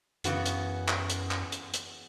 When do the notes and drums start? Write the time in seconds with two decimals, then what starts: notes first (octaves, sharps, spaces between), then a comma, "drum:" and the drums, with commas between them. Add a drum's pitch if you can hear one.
0.24 F#2 C#3 E3 B3 F#4, drum: hi-hat
0.46 drum: hi-hat
0.88 drum: clap
1.10 drum: hi-hat
1.31 drum: clap
1.52 drum: hi-hat
1.74 drum: hi-hat